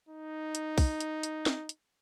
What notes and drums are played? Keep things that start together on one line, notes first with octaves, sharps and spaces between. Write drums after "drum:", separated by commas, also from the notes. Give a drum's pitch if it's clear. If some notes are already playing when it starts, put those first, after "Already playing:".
D#4
drum: hi-hat
drum: kick B1, open hi-hat
drum: hi-hat
drum: hi-hat
drum: snare
drum: hi-hat